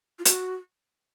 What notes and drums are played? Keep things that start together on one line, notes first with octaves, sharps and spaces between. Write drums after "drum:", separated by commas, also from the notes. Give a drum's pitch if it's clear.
F4
F#4, drum: hi-hat